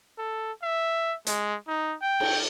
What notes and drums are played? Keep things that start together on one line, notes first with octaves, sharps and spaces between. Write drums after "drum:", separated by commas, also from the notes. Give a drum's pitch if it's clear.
A4
E5
G#3, drum: hi-hat
D#4
G5
drum: cymbal